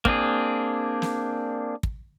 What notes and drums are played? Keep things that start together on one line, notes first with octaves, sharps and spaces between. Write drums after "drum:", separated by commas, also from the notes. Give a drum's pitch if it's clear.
A#3 C4 D4 G#4, drum: kick
drum: snare
drum: kick